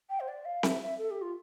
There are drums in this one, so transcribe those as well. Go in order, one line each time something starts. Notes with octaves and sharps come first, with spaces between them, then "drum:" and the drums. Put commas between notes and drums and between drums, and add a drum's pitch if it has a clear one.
G5
C5
D5
F5
E5, drum: snare C4
E5
A4
G4
F4